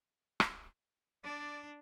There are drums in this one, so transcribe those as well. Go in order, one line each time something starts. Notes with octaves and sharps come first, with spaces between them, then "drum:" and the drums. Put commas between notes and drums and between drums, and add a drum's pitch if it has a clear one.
drum: rim click
D4 D5